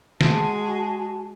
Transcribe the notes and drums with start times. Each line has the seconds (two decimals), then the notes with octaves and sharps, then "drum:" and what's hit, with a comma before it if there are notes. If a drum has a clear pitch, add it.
0.21 G#3 F#4 G#4 G#5 A5, drum: snare